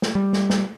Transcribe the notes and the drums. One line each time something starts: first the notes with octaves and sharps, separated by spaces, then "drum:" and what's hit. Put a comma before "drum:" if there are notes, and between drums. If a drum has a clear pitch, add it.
drum: snare
G3
drum: snare
drum: snare